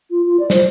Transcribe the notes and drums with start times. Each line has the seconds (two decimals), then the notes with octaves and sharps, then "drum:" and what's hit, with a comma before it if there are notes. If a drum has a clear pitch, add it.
0.11 F4
0.26 F4
0.40 D5
0.50 C5, drum: snare